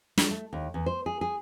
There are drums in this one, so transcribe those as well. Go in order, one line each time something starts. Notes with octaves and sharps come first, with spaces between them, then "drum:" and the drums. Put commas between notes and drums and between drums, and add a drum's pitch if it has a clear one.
G3, drum: snare
A3
D#2
E2
C5
G#4
G#4